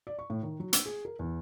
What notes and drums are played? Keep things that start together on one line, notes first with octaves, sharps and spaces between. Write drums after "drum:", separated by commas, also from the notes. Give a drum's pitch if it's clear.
D5
C#6
A2
D#3
F#3
E6, drum: hi-hat
G#4
A#4
E2